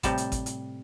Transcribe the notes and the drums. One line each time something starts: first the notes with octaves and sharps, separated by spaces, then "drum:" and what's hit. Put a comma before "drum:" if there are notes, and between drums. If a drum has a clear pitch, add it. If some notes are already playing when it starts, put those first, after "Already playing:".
A2 C3 G3 G4 A5, drum: kick G#1, hi-hat
drum: hi-hat
drum: kick G#1, hi-hat
drum: hi-hat